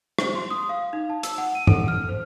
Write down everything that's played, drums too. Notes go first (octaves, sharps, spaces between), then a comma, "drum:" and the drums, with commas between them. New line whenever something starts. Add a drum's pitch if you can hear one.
C5, drum: rim click
C6
D#6
F5
D#4
A5
E6, drum: hi-hat
F#5
D#7
A4, drum: tom G2
F6
C5